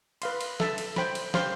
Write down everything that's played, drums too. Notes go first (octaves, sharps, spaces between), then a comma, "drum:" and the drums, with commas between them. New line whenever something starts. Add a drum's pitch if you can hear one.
B4 F5 C6, drum: cymbal
drum: cymbal
A4 E5 A5, drum: snare
drum: cymbal
C5 G5 B5, drum: snare
drum: cymbal
G4 C5 F5 C6, drum: snare